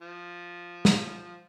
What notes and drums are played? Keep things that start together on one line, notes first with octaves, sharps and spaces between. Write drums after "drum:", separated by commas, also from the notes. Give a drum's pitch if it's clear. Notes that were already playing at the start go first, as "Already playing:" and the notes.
F3
drum: snare